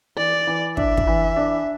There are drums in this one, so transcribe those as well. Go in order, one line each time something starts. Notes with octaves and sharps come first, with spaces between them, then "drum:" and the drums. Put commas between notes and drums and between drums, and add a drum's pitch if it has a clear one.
E3 D5
E3
D4 E5, drum: kick
drum: kick
E3
D4